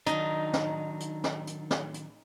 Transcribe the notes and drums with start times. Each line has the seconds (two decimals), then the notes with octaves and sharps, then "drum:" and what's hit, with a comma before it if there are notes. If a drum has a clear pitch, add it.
0.06 D#3 F#3 D4 D#4, drum: hi-hat
0.53 drum: snare
1.00 drum: hi-hat
1.24 drum: snare
1.47 drum: hi-hat
1.71 drum: snare
1.94 drum: hi-hat